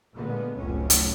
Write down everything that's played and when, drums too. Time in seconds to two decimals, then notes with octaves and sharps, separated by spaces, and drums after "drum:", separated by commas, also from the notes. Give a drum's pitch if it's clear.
0.15 A#2 D3 G#3 B3
0.56 F1 C#2 A2 F#3 C#4
0.90 drum: hi-hat